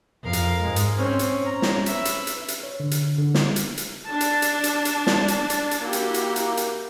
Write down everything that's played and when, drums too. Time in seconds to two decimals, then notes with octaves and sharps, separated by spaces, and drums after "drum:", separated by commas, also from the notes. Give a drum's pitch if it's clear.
0.23 F2 A#4 F5
0.33 drum: hi-hat
0.63 G#2 G#3
0.76 drum: hi-hat
0.98 C4 C#4
1.19 drum: hi-hat
1.44 C#4 A#5
1.62 drum: snare
1.86 B4 E5, drum: hi-hat
2.05 drum: hi-hat
2.27 drum: hi-hat
2.48 drum: hi-hat
2.63 C#5
2.80 D3
2.91 drum: hi-hat
3.18 D3
3.34 drum: snare
3.56 drum: hi-hat
3.77 drum: hi-hat
4.06 D4 A5
4.21 drum: hi-hat
4.42 drum: hi-hat
4.64 drum: hi-hat
4.85 drum: hi-hat
5.07 drum: snare
5.28 drum: hi-hat
5.50 drum: hi-hat
5.71 drum: hi-hat
5.82 A#3 E4 F#4 G4
5.93 drum: hi-hat
6.14 drum: hi-hat
6.36 drum: hi-hat
6.57 drum: hi-hat